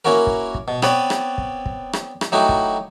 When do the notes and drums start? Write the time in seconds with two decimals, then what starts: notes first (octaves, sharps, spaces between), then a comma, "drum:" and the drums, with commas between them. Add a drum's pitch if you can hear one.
0.05 A#3 C#4 E4 F#4 A#4
0.27 drum: kick
0.55 drum: kick
0.68 B2
0.82 B3 C4 B4 C#5 D5, drum: rim click
1.10 drum: rim click
1.38 drum: kick
1.66 drum: kick
1.93 drum: rim click
2.21 drum: rim click
2.32 F#3 A3 D#4 E4 F#4 G4
2.49 drum: kick